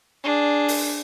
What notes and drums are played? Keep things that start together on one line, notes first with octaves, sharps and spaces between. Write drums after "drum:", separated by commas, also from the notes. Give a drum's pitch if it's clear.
D4 G#4
drum: open hi-hat